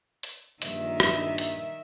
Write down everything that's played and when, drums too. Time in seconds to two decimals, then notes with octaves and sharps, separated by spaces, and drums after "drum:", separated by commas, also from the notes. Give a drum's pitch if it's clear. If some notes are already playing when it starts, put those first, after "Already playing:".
0.23 drum: hi-hat
0.62 A#1 G2 A#2 D#3 E5, drum: hi-hat
1.00 drum: rim click
1.38 drum: hi-hat